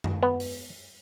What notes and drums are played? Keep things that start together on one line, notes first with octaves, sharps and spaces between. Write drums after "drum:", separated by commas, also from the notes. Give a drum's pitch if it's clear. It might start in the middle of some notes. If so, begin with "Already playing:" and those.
drum: tom F#2
B3
drum: open hi-hat